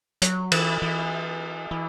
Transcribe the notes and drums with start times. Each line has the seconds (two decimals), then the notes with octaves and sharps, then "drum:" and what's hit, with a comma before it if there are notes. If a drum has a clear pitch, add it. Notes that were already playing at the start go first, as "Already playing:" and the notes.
0.22 F#3, drum: hi-hat
0.52 E3, drum: cymbal
0.82 E3
1.71 E3